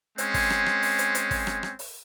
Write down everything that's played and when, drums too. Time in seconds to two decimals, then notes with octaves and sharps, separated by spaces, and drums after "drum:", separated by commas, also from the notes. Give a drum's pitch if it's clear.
0.18 G#3 C4 C#4, drum: hi-hat
0.34 drum: kick, open hi-hat
0.50 drum: rim click
0.66 drum: rim click
0.82 drum: open hi-hat
0.99 drum: hi-hat
1.15 drum: hi-hat
1.31 drum: kick, open hi-hat
1.47 drum: rim click
1.63 drum: rim click
1.79 drum: open hi-hat